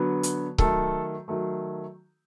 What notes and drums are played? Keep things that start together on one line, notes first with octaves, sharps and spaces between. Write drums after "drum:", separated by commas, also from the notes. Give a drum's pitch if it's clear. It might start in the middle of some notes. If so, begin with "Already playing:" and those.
Already playing: D3 F#3 B3
drum: hi-hat
D#3 F#3 A3 A4, drum: kick C#1
D#3 F#3 A3